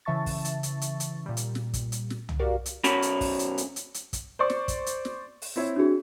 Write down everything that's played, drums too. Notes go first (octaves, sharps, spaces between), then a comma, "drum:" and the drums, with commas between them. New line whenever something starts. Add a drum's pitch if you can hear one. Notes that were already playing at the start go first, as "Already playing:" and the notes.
C#3 E3 E5 A5 C#6 A6
drum: kick, open hi-hat
drum: hi-hat
drum: hi-hat
drum: hi-hat
drum: hi-hat
A#2 G3
drum: hi-hat
drum: snare
drum: kick, hi-hat
drum: hi-hat
drum: snare
drum: tom
F#4 G4 A#4 D5 F5
drum: hi-hat
B1 C#4 F#4 C#5 A5 B5, drum: hi-hat
drum: hi-hat
drum: kick, open hi-hat
drum: hi-hat
drum: hi-hat
drum: hi-hat
drum: hi-hat
drum: kick, hi-hat
C5 D5 C#6
drum: snare
drum: kick, hi-hat
drum: hi-hat
drum: snare
drum: open hi-hat
C4 E4 C#5
D4 F#4 G#4